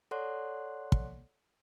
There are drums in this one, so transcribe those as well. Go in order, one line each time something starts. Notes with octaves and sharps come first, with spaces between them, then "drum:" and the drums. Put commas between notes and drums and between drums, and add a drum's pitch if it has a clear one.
A4 C#5 D5 F#5 C6 F#6
drum: kick